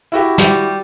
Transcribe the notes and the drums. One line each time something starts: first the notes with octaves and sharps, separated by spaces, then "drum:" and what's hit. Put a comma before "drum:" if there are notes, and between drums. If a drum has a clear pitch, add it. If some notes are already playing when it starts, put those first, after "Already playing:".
E4 F#4 G4
G3, drum: snare